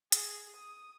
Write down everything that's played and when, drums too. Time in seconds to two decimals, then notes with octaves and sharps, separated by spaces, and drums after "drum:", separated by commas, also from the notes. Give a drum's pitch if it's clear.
0.12 G#4, drum: hi-hat
0.56 D#6